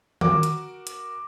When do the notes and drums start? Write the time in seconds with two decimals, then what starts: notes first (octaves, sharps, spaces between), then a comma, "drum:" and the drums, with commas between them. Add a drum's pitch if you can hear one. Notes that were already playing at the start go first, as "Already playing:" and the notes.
0.21 F#4 A#4 D6, drum: tom D#3
0.43 drum: hi-hat
0.87 drum: hi-hat